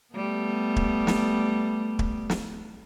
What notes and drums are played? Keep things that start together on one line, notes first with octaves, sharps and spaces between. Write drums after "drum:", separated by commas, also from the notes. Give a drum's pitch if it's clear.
G3 A3 B3
drum: kick
drum: snare
drum: kick
drum: snare